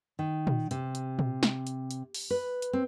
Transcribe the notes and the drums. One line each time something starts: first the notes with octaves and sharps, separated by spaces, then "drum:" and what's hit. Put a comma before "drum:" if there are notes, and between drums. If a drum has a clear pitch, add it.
D#3
drum: tom A#2
C3, drum: hi-hat
drum: hi-hat
drum: tom A#2
drum: snare
drum: hi-hat
drum: hi-hat
drum: open hi-hat
B4
drum: hi-hat
C4